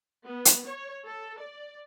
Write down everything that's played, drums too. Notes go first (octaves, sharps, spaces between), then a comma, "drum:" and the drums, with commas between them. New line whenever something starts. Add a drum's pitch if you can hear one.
B3
drum: hi-hat
C#5
A4
D5